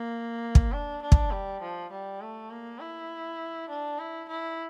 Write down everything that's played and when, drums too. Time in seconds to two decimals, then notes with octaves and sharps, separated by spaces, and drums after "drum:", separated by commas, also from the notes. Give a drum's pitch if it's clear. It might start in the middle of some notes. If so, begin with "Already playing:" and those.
Already playing: A#3
0.55 drum: kick
0.72 D4
1.03 D4
1.12 drum: kick
1.32 G3
1.61 F3
1.92 G3
2.21 A3
2.50 A#3
2.80 E4
3.69 D4
3.99 E4
4.29 E4